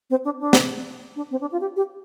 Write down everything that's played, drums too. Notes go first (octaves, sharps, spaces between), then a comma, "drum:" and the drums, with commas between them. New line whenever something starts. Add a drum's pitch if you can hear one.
C4
D4
D4
drum: snare
D4
C4
D4
F4
G4
G4